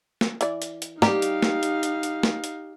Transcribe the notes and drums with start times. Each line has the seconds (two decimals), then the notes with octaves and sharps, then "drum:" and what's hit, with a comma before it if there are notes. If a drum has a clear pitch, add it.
0.21 drum: snare A#3
0.41 E3 D5, drum: hi-hat
0.62 drum: hi-hat
0.82 drum: hi-hat
1.02 G3 D#4 G4 F5 A#5, drum: snare A#3
1.22 drum: hi-hat
1.43 drum: snare A#3
1.63 drum: hi-hat
1.83 drum: hi-hat
2.03 drum: hi-hat
2.23 drum: snare A#3
2.44 drum: hi-hat